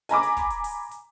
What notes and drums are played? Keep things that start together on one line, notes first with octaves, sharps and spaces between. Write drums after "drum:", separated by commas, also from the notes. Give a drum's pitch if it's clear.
G#5 A#5 B5 D6, drum: hi-hat
drum: hi-hat
drum: kick, hi-hat
drum: hi-hat
drum: open hi-hat
drum: hi-hat